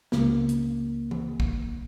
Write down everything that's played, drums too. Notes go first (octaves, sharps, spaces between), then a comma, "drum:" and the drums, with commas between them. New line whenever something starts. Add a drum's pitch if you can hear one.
C#2 A#3, drum: snare
drum: hi-hat
drum: tom
drum: kick